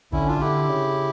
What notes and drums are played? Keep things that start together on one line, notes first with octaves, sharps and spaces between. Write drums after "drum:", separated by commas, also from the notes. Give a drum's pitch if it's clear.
D3 C#4 E4, drum: kick
D4 F4
D3 E4 G4
C#3